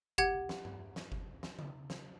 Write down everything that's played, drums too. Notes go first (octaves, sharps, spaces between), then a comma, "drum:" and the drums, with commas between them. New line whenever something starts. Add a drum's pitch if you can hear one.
G4 F#5 G#6, drum: kick F#1
drum: snare
drum: tom G2
drum: snare
drum: kick F#1
drum: snare
drum: tom C#3
drum: snare